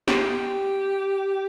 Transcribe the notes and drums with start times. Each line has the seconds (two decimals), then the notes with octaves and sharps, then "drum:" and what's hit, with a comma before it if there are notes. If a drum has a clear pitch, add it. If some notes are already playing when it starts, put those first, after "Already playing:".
0.08 G4, drum: snare